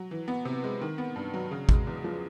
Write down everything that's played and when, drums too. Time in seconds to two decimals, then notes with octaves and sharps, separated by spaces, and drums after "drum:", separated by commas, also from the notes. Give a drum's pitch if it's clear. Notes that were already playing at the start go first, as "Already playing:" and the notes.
Already playing: F#3
0.11 E3
0.28 B3
0.45 C3
0.64 G#3
0.81 D#3
0.98 B3
1.16 G2
1.34 F#3
1.51 C#3
1.69 G#3, drum: kick
1.87 E2
2.04 F3